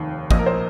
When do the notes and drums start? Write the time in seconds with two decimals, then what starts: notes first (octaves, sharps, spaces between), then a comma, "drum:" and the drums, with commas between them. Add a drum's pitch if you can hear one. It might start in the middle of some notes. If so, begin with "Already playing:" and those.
Already playing: F1 D#2 D#3
0.31 A#1 A#2 F3 D#5, drum: kick
0.39 A#4
0.46 C5